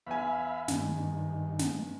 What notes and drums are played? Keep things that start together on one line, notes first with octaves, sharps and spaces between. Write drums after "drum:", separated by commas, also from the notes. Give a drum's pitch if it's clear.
E2 E5 F5 G#5 B5
G2 D#3, drum: snare
drum: snare